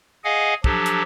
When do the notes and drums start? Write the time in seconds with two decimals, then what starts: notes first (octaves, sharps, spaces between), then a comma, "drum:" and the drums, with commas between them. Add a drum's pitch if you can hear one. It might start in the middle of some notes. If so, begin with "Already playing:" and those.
0.24 G#4 D#5 F5 F#5 G#5
0.64 F3 F#3 D4 G4 A4, drum: kick
0.86 drum: hi-hat